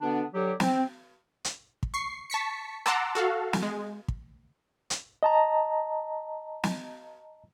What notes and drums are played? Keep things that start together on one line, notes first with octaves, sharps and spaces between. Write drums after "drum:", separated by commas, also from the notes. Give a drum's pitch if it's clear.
B2 D3 B3 D4
D3 F#3 G4
C4, drum: snare
drum: hi-hat
drum: kick
C#6 C7
A5 C#6 B6 C#7
F#5 A5 A#5 C6 D6 E6, drum: rim click
F#4 A4 F5
drum: snare
G#3
drum: kick
drum: hi-hat
D#5 A5 A#5
drum: snare